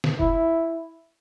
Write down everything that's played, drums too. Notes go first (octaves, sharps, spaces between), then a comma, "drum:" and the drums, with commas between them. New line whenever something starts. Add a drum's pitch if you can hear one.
drum: snare
E4, drum: kick F1